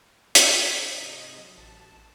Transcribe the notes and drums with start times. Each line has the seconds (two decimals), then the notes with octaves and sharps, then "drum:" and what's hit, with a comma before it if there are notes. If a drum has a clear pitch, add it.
0.35 drum: hi-hat
0.94 G#2 C3 D#5
1.38 F#3
1.58 A1 A5